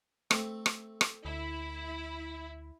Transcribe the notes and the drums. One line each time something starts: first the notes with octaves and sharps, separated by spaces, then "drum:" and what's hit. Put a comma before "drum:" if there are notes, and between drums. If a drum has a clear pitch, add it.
A3 C4, drum: rim click
drum: rim click
drum: rim click
D2 E4